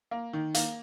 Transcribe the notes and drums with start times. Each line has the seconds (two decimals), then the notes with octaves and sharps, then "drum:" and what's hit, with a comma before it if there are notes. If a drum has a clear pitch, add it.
0.11 A#3
0.33 D#3
0.54 A#3, drum: hi-hat